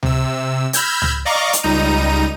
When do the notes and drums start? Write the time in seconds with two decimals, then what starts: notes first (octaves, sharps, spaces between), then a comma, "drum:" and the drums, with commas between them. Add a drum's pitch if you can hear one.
0.03 C3 E6, drum: tom C#2
0.73 B5 E6 F6 G6 G#6 A#6, drum: hi-hat
1.02 drum: tom C#2
1.25 D5 D#5 F5 A#5 C#6 D6
1.53 drum: hi-hat
1.63 C#2 G3 D#4 A#5 D#7